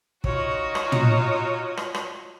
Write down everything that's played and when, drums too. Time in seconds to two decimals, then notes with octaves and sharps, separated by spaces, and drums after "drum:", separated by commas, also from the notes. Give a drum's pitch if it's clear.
0.24 D#4 F4 F#4 C#5, drum: kick
0.75 drum: rim click
0.92 drum: tom
1.77 drum: rim click
1.94 drum: rim click